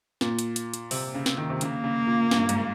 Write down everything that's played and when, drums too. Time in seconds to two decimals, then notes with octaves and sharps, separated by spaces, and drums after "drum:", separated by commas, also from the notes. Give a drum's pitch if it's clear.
0.21 A#2, drum: snare
0.39 drum: hi-hat
0.56 drum: hi-hat
0.74 drum: hi-hat
0.91 C3, drum: open hi-hat
1.14 C#3
1.26 drum: snare
1.38 D#3
1.50 C3
1.61 C#3 A#3, drum: hi-hat
1.84 C#3
2.07 A#2
2.31 G2, drum: snare
2.49 G#2, drum: hi-hat